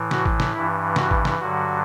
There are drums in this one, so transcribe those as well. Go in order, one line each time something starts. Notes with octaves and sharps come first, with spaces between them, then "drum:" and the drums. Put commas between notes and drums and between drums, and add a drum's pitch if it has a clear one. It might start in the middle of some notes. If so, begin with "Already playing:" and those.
Already playing: A2 E3
F#4, drum: snare
drum: kick
drum: snare
G2 E3 E4
F#4, drum: snare
drum: kick
drum: snare
G2 D3 F#3 F#4